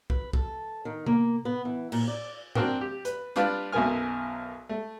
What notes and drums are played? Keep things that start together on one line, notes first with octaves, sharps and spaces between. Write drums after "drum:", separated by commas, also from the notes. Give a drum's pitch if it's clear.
B4, drum: kick
A4, drum: kick
D#3
A#3, drum: tom C3
B3
E3
A#2, drum: cymbal
D5
C4 D4 F#4 A#4 G5, drum: tom G2
G4
B4, drum: hi-hat
G3 D4 F4 B4 D5, drum: hi-hat
B1 F#2 B2 A#4 G#5 F6
A3